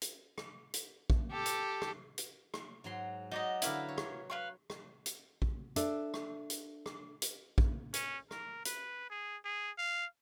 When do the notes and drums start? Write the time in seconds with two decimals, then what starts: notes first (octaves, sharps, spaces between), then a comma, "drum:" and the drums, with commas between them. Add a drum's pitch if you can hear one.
0.02 drum: hi-hat
0.38 drum: rim click
0.74 drum: hi-hat
1.10 drum: kick A#1
1.31 G4 A4
1.46 drum: hi-hat
1.82 drum: rim click
2.18 drum: hi-hat
2.54 drum: rim click
2.84 G#2 F#3 C6
3.31 F#3 D#4 D5 D#5
3.62 D3 E4 A#4 B4 F5 D6, drum: hi-hat
3.89 C#5
3.98 drum: rim click
4.30 B4 F5 C#6
4.70 drum: rim click
5.06 drum: hi-hat
5.42 drum: kick A#1
5.76 D4 A4 E5, drum: hi-hat
6.14 drum: rim click
6.50 drum: hi-hat
6.86 drum: rim click
7.22 drum: hi-hat
7.58 drum: kick A#1
7.94 C#4, drum: hi-hat
8.31 A#4, drum: rim click
8.65 B4, drum: hi-hat
9.10 G#4
9.45 G#4
9.78 F5